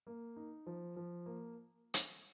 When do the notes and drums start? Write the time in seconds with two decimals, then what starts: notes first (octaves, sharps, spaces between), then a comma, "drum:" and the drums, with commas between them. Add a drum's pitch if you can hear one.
0.07 A#3
0.36 D#4
0.66 F3
0.96 F3
1.26 A#3
1.94 drum: hi-hat